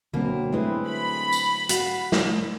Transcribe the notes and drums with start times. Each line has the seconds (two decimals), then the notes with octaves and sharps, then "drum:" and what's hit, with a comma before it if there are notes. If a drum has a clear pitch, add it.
0.14 D2 B2 D3 F#3 A#3 C4
0.52 G#3 A3 C4 E4 B4
0.88 B5
1.32 drum: tambourine
1.69 F#4 F5, drum: hi-hat
2.12 drum: snare